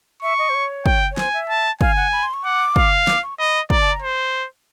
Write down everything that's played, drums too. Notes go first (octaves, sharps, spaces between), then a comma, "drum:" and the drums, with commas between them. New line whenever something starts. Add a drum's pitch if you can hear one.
E5 C#6
D#5
C5
C#5
G5, drum: kick
C#5
C5 G#5, drum: snare
E5
A5
F5 G#5, drum: kick
F#5
B5
C6
C#6
F#5 D6
F5, drum: kick
D6, drum: snare
C#6
D#5 B5
D5 A#5, drum: kick
A5
A#5
C5